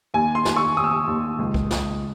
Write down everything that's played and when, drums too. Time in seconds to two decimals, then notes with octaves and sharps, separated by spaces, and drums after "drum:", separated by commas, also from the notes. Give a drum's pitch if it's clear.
0.14 D#2 G#5
0.35 C6
0.45 D#2, drum: snare
0.56 C#6
0.77 D#2 D#6
0.84 E6
0.91 D#6
1.07 D#2
1.39 C#2
1.54 drum: kick C2
1.71 C#2, drum: snare